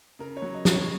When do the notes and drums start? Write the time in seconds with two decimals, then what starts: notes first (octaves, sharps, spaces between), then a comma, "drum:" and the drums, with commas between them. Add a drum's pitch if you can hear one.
0.19 C#3 A#4
0.37 C#5
0.42 F#3
0.54 D#5
0.65 C#3, drum: snare
0.71 C#5